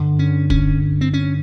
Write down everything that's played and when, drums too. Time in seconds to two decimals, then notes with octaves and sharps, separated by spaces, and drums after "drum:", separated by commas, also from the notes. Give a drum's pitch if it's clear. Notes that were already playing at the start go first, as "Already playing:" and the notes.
Already playing: G2 D3
0.19 C#4
0.50 C#4, drum: kick
1.01 C4
1.14 C#4